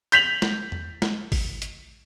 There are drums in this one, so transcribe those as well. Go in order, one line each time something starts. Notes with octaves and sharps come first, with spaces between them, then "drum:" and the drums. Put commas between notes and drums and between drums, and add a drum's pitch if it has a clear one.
G6 B6 F7 F#7, drum: hi-hat
drum: snare
drum: tom E2
drum: snare
drum: kick G#1, open hi-hat
drum: hi-hat